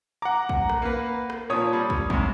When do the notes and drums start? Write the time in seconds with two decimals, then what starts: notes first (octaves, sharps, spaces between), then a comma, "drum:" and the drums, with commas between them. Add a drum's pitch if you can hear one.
0.22 F#5 A#5 D6
0.49 drum: kick
0.69 drum: rim click
0.82 A#3 B4
1.30 drum: rim click
1.50 A#2 F3 C#5 D#6
1.73 G3
1.90 drum: kick
2.10 G#2 C3, drum: kick